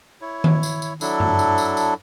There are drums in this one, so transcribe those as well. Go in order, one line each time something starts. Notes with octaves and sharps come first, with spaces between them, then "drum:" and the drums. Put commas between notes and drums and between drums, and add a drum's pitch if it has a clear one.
E4 C#5
drum: tom D#3
drum: tambourine
drum: tambourine
F#3 D4 E4 A4, drum: tambourine
drum: tom F#2
drum: tambourine
drum: tambourine
drum: tambourine